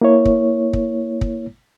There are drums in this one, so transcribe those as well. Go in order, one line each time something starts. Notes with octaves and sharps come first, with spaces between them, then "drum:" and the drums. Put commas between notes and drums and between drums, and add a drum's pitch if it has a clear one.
A#3 E4 C#5
drum: kick
drum: kick
drum: kick